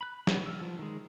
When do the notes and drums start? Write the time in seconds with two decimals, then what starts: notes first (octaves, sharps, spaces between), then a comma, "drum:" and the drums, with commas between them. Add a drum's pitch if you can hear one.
0.01 B5 F#6
0.27 G4 B4 C#5 F#5 G5, drum: snare
0.46 E6 F6
0.61 F3
0.79 D#3 G#3